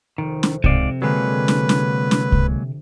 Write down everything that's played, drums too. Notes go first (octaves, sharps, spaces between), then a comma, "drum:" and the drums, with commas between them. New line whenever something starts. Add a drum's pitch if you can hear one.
F1 D#3
drum: snare
G#2 C3 D5 F5, drum: kick C2
D3 F#3 G#3 A#3 G4 B4
drum: snare
drum: snare
drum: snare
drum: kick C2